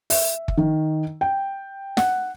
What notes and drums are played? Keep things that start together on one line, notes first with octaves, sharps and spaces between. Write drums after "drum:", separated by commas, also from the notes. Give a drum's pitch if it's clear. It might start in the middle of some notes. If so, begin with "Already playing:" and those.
E5, drum: open hi-hat
drum: kick
D#3
G5
F#5, drum: snare